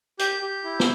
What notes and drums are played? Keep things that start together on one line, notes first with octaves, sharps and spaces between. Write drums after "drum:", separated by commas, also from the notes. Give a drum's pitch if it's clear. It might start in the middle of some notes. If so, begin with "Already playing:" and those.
G4 G6, drum: hi-hat
G4
E4
drum: snare